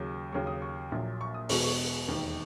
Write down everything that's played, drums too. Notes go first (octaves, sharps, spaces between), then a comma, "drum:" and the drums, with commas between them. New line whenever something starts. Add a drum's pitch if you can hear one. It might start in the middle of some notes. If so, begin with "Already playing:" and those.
Already playing: D#2 C#3 F#3
D#2 C#3 F#3 C#6
D#6
C#6
A#1 A#2 F#3
C#6
D#6
E1 E2 B2 C#6, drum: open hi-hat
C#6
E1 D#2 D#3